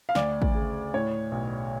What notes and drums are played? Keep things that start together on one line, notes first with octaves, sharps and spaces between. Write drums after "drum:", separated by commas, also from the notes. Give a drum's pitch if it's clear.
F5
D2 D5, drum: snare
drum: kick
C#3
A2 C#5
B1